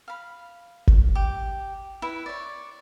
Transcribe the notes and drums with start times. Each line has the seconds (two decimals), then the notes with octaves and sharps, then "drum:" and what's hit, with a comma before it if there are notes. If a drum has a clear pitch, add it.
0.08 F5 B5
0.87 drum: kick G1
1.15 G4
2.02 E4 B4
2.26 C#5 D5